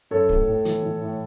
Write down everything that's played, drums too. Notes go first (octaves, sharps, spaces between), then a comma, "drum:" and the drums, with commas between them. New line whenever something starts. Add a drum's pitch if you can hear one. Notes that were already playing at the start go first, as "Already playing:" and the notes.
F#2 A4 C#5
A2, drum: kick
A2
E3, drum: hi-hat
E3
A2